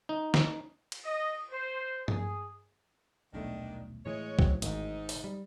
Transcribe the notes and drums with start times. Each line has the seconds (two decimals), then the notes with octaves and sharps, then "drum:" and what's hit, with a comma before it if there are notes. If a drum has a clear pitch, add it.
0.09 D#4
0.34 drum: snare
0.92 drum: cymbal
1.05 D#5
1.51 C5
2.08 G#4, drum: tom G2
3.34 D#1 B1 D#3 A3 D4
4.06 A2 E3 G#3 C#5
4.39 F#3 C4, drum: kick B1
4.62 G#1 G#2 D#4, drum: hi-hat
5.09 drum: open hi-hat
5.24 G3